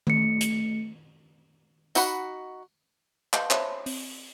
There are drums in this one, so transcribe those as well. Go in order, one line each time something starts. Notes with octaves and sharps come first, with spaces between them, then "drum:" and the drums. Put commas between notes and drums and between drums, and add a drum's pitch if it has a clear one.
A3 C#7, drum: tom D#3
drum: hi-hat
D#4 F#4 F#5 B5, drum: tambourine
B4 D#5 F5 A5 C6 G6, drum: clap
C5 C#5 E5 A5 B5 C6, drum: clap
C4, drum: open hi-hat